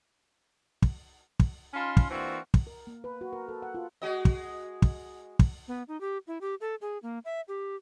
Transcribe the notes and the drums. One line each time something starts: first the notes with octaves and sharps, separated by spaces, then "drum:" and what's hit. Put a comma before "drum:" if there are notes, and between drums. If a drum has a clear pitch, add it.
drum: kick
drum: kick
C#4 D#4 F4 A5 B5 C6
drum: kick
E3 A#3 C4 D4 F4 F#4
drum: kick
A#4
A#3
B4
F#4
A#4
A4
F#5
F4
G#3 F#4 D#5
drum: kick
drum: kick
drum: kick
B3
D#4
G4
E4
G4
A4
G#4
A#3
E5
G4